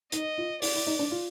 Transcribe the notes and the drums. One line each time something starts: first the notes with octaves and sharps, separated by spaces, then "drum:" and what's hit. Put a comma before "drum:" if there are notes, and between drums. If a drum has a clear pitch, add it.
D#4 D#5, drum: hi-hat
F4
E4 D5, drum: open hi-hat
E4
D#4
D4
F4